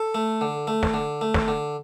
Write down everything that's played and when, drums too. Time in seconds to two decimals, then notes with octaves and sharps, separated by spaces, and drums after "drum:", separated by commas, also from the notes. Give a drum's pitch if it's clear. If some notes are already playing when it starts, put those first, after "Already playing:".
Already playing: A4
0.15 A3
0.41 D3
0.67 A3
0.83 drum: snare
0.94 D3
1.21 A3
1.34 drum: snare
1.48 D3